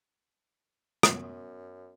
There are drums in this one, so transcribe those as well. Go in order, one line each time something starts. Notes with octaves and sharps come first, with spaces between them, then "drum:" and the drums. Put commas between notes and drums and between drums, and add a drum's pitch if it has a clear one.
F#2 B3 C#4, drum: rim click